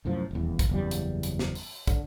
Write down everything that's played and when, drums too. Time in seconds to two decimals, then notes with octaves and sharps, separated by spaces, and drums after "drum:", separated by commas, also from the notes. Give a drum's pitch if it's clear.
0.05 C2 F#2 A2 F3
0.31 D#1 E2
0.59 drum: kick, hi-hat
0.69 F#1 E2 G3
0.91 drum: hi-hat
1.23 drum: hi-hat
1.39 drum: snare
1.55 drum: open hi-hat
1.87 D3, drum: kick, hi-hat